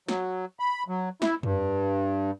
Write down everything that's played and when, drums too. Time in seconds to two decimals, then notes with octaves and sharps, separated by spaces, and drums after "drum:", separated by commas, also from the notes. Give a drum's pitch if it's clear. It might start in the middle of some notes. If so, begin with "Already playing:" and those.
0.08 F#3, drum: snare
0.60 B5
0.88 F#3
1.22 E4, drum: snare
1.43 G2, drum: tom